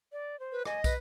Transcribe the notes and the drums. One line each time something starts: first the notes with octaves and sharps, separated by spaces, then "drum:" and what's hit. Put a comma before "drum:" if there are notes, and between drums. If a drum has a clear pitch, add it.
D5
C5
B4
D#5 G#5, drum: rim click
B4, drum: kick, tambourine